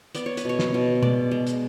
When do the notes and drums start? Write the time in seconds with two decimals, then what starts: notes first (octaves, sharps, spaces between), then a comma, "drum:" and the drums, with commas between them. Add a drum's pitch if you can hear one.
0.15 B3 D5, drum: hi-hat
0.26 C#5
0.37 B4, drum: hi-hat
0.45 B2 C#5
0.59 drum: snare
0.74 B2
1.03 G#3 D5, drum: tom
1.31 G#3
1.47 drum: hi-hat